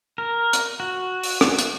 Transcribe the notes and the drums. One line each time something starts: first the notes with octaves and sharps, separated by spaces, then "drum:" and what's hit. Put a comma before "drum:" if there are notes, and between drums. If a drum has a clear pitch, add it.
A#4
drum: hi-hat
F#4
drum: open hi-hat
drum: rim click
drum: hi-hat